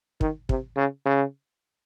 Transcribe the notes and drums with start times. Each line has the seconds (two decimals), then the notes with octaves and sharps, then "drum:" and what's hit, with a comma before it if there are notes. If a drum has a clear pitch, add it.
0.21 D#3, drum: kick
0.49 C3, drum: kick
0.77 C#3
1.06 C#3